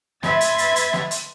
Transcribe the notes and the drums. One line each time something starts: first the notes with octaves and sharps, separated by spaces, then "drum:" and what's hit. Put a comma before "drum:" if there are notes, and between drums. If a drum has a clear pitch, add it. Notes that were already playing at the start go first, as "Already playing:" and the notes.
B4 E5 B5 C6 G#6 A6, drum: snare
drum: hi-hat
drum: hi-hat
drum: hi-hat
drum: snare
drum: hi-hat